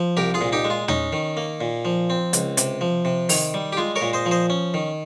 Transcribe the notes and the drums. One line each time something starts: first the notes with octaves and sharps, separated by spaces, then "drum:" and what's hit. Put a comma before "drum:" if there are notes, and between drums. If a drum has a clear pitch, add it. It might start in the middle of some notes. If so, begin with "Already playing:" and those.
Already playing: F3
C2 G4 A#4
F4 G#4
A#2
D#4 G4
G#3
F4
C#4 D#4, drum: tom
D#3
A#3
A#2
F3
C4
C#2, drum: hi-hat
C3, drum: hi-hat
F3
C3
D#3, drum: open hi-hat
G3
G4
G#3 F4
A#4 C#5
A#2
C5 D#5
F3
C5 D#5
C#4
D#3